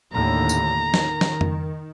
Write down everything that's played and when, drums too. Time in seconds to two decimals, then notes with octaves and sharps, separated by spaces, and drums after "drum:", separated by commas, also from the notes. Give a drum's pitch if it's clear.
0.13 D#2 A2 D3 A#5
0.49 drum: tambourine
0.94 D#3, drum: snare
1.21 drum: snare
1.41 drum: tom F2